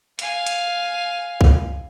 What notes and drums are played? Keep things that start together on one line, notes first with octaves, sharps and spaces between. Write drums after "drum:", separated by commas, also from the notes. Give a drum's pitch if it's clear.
F5 G#5, drum: hi-hat
drum: hi-hat
drum: kick C2